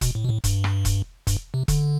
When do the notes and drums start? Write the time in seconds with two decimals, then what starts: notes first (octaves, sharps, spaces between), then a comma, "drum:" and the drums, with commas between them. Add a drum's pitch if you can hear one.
0.01 B2, drum: kick E1, hi-hat
0.15 A2
0.24 B2
0.29 A2
0.44 G2, drum: kick E1, hi-hat
0.64 drum: rim click
0.85 drum: kick E1, hi-hat
1.27 G2, drum: kick E1, hi-hat
1.54 C3
1.68 D3, drum: kick E1, hi-hat